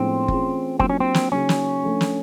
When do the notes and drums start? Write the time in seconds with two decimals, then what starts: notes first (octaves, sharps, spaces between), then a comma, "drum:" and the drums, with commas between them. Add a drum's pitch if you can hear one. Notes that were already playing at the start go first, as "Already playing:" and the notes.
Already playing: A2 F3 G#3 B3 C4 D4
0.28 E3 A3 C#4 F4 G#4, drum: kick F#1
0.79 F#3 A#3 C4 D4 F4, drum: kick F#1
0.90 C#4
1.00 C4
1.14 drum: snare
1.32 C#3 F#3 A#3 C#4 D#4 G#4
1.49 drum: snare
1.83 F3 A3 D4
2.01 drum: snare